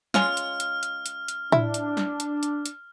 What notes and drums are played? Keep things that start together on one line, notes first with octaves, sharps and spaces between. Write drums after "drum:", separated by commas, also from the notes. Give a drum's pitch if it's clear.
G#3 C#4 F4 F6, drum: snare
drum: hi-hat
drum: hi-hat
drum: hi-hat
drum: hi-hat
drum: hi-hat
D4 E4, drum: tom A2
drum: hi-hat
drum: snare
drum: hi-hat
drum: hi-hat
drum: hi-hat